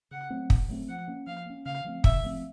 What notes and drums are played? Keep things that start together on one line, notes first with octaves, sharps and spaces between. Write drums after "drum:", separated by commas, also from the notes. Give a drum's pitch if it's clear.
C#3 F#5
F#3 A3 C4
C#3, drum: kick
F#3 A3 C4
F3 F#5
A#3 C#4
F3 F5
A#3 C#4
C#3 F5
F3 A3 C4
C#3 E5, drum: kick
F3 A3 C4